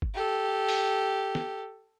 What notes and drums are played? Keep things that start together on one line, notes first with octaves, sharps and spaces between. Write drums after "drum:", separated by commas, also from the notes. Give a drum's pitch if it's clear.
drum: kick G1
G4 A4
drum: open hi-hat
drum: snare